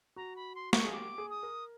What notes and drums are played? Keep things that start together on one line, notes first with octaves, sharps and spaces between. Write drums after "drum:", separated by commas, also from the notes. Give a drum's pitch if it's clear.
F#4 A#5
B5
C6
C#6, drum: snare
G#4
G4 D6
G#4
D#6
A#4